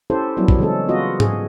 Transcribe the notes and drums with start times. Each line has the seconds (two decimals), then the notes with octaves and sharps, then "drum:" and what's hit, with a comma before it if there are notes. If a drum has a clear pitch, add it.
0.10 C#4 E4 G4 A4 C5
0.37 F#3 G3 B3 E4
0.48 drum: kick
0.59 C#3 E3 G#3 C4 C#4 A4
0.88 B3 F4 F#4 D#5
1.20 G#4, drum: tom G#2